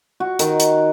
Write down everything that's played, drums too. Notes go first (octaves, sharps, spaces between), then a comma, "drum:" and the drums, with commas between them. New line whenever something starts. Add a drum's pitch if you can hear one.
F#4
D#3, drum: hi-hat
drum: hi-hat